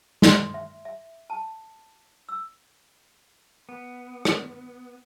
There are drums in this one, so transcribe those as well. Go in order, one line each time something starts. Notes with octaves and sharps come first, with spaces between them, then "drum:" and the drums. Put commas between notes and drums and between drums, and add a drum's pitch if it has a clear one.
C6, drum: snare
E5
E5
A5
E6
B3
drum: rim click